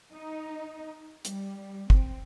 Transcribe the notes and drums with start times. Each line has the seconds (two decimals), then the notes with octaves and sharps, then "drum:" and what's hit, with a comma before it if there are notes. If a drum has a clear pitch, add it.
0.13 D#4
1.25 G3, drum: hi-hat
1.90 C4, drum: kick